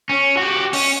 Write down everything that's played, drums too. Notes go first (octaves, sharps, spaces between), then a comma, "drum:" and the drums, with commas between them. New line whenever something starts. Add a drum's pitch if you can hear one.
C#4
F#4 G4
C#4, drum: open hi-hat